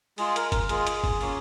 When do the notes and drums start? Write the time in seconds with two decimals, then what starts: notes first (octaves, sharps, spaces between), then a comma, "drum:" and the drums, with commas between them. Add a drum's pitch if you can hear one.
0.18 G#3 F4 G#4, drum: open hi-hat
0.36 A#4, drum: hi-hat
0.52 A#4, drum: kick, hi-hat
0.69 G#3 F4 G#4, drum: hi-hat
0.87 drum: hi-hat
1.04 drum: kick, open hi-hat
1.21 A#3 C#4 F4, drum: open hi-hat